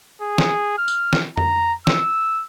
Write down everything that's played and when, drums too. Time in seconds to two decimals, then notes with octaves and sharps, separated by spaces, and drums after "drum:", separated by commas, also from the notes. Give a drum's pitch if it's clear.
0.22 G#4
0.38 drum: snare
0.78 F6
0.88 drum: tambourine
1.13 drum: snare
1.37 A#5, drum: tom F2
1.87 E6, drum: snare